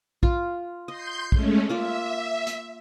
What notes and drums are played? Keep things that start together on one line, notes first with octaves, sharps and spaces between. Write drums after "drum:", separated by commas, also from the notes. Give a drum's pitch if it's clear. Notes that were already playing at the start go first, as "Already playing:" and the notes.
F4, drum: kick A#1
D#5 C6 G6
G#3 A3 C#4, drum: kick A#1
A#3 F4 D5 E5
drum: hi-hat